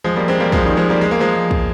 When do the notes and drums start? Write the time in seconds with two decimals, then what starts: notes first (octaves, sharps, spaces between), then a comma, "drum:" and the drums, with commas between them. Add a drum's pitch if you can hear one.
0.04 F3 G#3
0.16 G3 A#3
0.28 G#3 C4
0.40 G3 A#3
0.52 F3 G#3, drum: kick
0.65 D#3 G3
0.77 F3 G#3
0.89 G3 A#3
1.01 G#3
1.11 A#3
1.20 F3 G#3
1.51 drum: kick